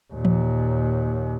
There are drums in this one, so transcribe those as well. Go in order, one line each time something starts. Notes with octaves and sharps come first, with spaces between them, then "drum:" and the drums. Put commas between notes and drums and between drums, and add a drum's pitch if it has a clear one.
D#2 A#2
drum: tom E3